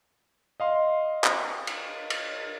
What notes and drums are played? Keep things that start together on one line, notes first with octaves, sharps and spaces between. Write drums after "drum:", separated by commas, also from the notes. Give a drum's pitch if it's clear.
D#5 F5 C6
drum: clap
drum: cymbal
drum: cymbal